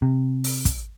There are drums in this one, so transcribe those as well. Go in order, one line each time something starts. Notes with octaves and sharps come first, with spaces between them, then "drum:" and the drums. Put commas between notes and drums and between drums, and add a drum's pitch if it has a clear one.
C3
drum: open hi-hat
drum: kick, hi-hat